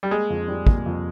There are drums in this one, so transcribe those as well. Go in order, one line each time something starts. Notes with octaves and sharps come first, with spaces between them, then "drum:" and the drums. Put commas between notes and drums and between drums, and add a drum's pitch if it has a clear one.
G3
G#3 A#3
F2
G3
A#3, drum: kick
F2